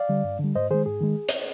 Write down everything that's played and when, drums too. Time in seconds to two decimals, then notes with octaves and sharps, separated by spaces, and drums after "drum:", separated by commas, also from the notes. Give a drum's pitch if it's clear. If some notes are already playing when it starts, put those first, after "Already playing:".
Already playing: D5 F5
0.09 D3 G3
0.24 G2
0.39 D3 G3
0.55 G#2 C5 D#5
0.70 D#3 G#3 G#4 C5
0.86 G#2 G#4
1.01 D#3 G#3
1.29 drum: hi-hat